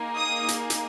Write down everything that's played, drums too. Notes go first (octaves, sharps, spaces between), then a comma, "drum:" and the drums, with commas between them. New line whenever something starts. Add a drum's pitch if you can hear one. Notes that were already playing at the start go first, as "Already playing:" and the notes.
Already playing: A#3 D#4 G#4
D#6
drum: hi-hat
drum: hi-hat